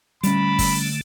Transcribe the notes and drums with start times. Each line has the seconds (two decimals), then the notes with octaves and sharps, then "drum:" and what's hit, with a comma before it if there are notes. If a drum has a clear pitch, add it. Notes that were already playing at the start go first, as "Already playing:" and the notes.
0.23 D3 G3 A3 C#4 B5, drum: hi-hat
0.59 drum: kick G1, open hi-hat